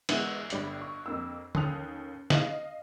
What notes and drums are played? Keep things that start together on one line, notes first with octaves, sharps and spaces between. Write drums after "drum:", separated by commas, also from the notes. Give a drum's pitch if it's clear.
E3 G#3 B3, drum: cymbal
G1 G3 B5, drum: hi-hat
C#6
F2 A#3 E6
D#2 C#4 A4 D#6 F#6 F7, drum: tom D3
D#5 F5, drum: snare